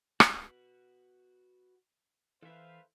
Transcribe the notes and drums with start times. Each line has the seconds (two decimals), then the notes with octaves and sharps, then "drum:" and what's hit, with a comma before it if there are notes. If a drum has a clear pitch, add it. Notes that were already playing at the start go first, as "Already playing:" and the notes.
0.20 F#4 B4, drum: rim click
2.43 E3 E4 A4 B4 C5 E5 F5